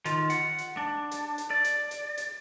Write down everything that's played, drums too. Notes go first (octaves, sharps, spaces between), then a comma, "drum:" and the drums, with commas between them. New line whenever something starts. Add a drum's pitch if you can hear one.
D#3 F4, drum: hi-hat
F#5, drum: hi-hat
drum: hi-hat
D4
drum: hi-hat
drum: hi-hat
D5
drum: hi-hat
drum: hi-hat
drum: hi-hat